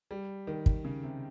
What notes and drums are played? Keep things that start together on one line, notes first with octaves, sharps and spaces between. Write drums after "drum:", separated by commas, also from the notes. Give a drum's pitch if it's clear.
G3
D#3
drum: kick
C#3
C3